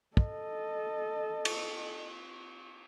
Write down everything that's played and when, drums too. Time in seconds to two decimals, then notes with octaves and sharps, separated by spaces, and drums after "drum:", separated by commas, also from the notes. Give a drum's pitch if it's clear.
0.17 A4 D#5, drum: kick
1.45 drum: cymbal